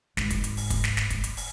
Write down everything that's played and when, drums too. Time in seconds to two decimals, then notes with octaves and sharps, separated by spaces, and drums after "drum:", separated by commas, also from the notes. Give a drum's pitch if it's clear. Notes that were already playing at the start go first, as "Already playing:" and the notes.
0.17 G#1 G#2, drum: snare
0.30 drum: kick, hi-hat
0.44 drum: hi-hat
0.57 drum: open hi-hat
0.70 drum: kick, hi-hat
0.84 drum: snare
0.97 drum: snare
1.10 drum: kick, hi-hat
1.24 drum: hi-hat
1.37 drum: open hi-hat